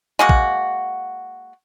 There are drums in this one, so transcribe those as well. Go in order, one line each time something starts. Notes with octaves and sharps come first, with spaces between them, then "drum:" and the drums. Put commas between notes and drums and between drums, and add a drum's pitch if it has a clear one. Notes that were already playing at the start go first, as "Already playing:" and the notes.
G#3 A#3 F#4
drum: kick